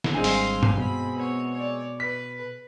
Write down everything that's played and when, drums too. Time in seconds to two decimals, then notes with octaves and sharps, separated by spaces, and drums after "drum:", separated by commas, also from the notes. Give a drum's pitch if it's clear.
0.04 drum: snare
0.14 G#1 G3 G#3 C4 D4 F5 G#5 C6
0.24 drum: open hi-hat
0.63 drum: tom G2
0.78 B2 B5
1.15 B3 C#5
1.54 C#5 D5
2.00 B4 B6